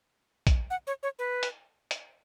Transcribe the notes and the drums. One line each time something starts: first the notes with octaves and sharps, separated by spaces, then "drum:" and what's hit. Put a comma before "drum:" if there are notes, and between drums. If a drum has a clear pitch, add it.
drum: kick, hi-hat
F#5
C#5
C#5
B4
drum: hi-hat
drum: hi-hat